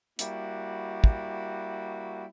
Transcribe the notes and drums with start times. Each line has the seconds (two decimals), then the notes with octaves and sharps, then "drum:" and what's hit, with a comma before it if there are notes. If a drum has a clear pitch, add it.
0.19 G3 A#3 E4 F#4, drum: hi-hat
1.04 drum: kick